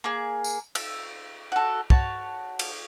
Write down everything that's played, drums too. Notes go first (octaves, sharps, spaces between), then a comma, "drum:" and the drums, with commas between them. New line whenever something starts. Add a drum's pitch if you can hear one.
A#3 G#4
drum: tambourine
E6, drum: cymbal
F#4 A4
F#4 C#5 A5, drum: kick
drum: cymbal